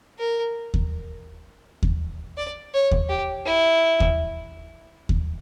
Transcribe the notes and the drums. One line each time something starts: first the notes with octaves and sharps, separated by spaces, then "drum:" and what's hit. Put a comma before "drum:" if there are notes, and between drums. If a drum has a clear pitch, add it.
A#4
drum: kick D#2
drum: kick D#2
D5
C#5
drum: kick D#2
G4
E4
drum: kick D#2
drum: kick D#2